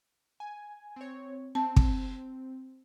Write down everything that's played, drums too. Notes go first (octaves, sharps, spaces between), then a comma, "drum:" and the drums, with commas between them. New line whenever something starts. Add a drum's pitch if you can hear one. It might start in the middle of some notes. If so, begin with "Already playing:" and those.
G#5
C4 C#5
C4 A5
drum: kick